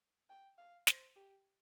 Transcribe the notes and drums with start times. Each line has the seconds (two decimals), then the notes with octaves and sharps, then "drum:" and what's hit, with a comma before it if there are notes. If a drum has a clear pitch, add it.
0.29 G5
0.58 F5
0.87 C5, drum: snare
1.16 G4